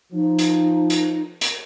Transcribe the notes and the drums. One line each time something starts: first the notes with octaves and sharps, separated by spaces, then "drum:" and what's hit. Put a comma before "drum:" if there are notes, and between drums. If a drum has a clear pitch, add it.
F3 D#4
drum: hi-hat
drum: hi-hat
drum: hi-hat